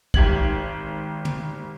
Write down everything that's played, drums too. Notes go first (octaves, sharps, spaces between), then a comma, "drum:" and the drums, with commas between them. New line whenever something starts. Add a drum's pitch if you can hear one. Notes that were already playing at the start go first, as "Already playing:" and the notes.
G#1 G4 G#6 F#7, drum: kick
drum: tom